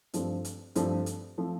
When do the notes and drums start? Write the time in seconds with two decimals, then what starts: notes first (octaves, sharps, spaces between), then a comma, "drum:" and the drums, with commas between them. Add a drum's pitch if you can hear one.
0.14 G2 F3 A3 C4, drum: hi-hat
0.45 drum: hi-hat
0.75 G2 F3 A3 C4, drum: hi-hat
1.06 drum: hi-hat
1.38 F3 A3 C4